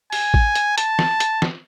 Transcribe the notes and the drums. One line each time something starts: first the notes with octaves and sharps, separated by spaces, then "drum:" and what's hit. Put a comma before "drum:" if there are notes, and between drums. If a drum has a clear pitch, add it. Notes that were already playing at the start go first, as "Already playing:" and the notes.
G#5, drum: open hi-hat
drum: kick A1
drum: hi-hat
A5, drum: hi-hat
drum: snare
drum: hi-hat
drum: snare